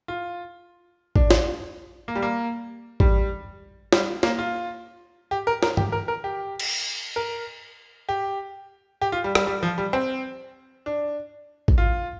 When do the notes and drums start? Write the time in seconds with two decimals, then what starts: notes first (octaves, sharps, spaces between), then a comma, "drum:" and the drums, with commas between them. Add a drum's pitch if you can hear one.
0.08 F4
1.16 D4, drum: kick
1.31 drum: snare
2.08 A#3
2.15 G3
2.22 A#3
3.00 G3, drum: kick
3.93 G3, drum: snare
4.23 A#3, drum: snare
4.39 F4
5.31 G4
5.47 A#4
5.63 A#4, drum: snare
5.77 G4, drum: tom G2
5.92 A#4
6.08 A#4
6.24 G4
6.60 drum: cymbal
7.16 A#4
8.09 G4
9.02 G4
9.12 F4
9.24 G3
9.35 G3, drum: rim click
9.47 G3
9.63 F3
9.78 G3
9.93 C4
10.86 D4
11.68 drum: kick
11.78 F4